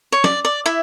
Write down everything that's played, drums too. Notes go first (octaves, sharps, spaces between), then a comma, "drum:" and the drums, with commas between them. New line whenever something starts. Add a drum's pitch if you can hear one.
C#5
D5, drum: snare
D5
E4 E5